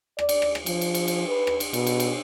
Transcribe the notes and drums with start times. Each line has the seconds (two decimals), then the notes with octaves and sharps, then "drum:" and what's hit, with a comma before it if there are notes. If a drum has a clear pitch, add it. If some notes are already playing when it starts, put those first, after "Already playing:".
0.19 D5, drum: rim click
0.29 drum: cymbal
0.42 drum: rim click
0.55 drum: rim click
0.66 F3, drum: cymbal
0.81 drum: cymbal
0.95 drum: cymbal
1.08 drum: cymbal
1.28 B4
1.47 drum: rim click
1.60 drum: cymbal
1.73 B2, drum: cymbal
1.87 drum: cymbal
2.00 drum: cymbal